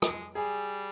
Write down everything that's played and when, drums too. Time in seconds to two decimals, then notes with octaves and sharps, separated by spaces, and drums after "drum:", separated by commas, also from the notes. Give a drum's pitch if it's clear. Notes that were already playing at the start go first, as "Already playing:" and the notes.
0.02 G#3, drum: rim click
0.35 G3 G#4